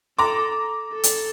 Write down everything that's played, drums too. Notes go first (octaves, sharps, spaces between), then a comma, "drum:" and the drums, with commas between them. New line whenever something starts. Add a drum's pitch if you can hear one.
A4 A#5 D6
A4
drum: hi-hat